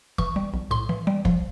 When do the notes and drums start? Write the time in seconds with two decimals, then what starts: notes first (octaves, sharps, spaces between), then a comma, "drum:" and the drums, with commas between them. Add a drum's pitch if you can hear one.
0.18 E3 C#6, drum: kick
0.36 G3
0.54 B1
0.71 A2 C6
0.89 E3
1.07 G3
1.25 F3, drum: kick